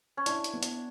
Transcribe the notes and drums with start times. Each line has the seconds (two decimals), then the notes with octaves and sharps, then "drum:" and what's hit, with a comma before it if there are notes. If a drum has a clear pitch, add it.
0.17 C#4
0.26 D4 E4, drum: hi-hat
0.44 drum: hi-hat
0.53 B3
0.63 drum: hi-hat